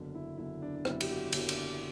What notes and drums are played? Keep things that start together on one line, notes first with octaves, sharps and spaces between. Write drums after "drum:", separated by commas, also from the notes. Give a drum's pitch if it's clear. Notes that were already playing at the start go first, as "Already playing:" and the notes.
Already playing: F#1 E2 D3 F#3
E4
F#1 E2 D3 F#3 E4
D4
D4
F#1 E2 D3 F#3 E4, drum: rim click
G4, drum: cymbal
F#4
F#1 E2 D3 F#3 F#4, drum: cymbal
D4, drum: cymbal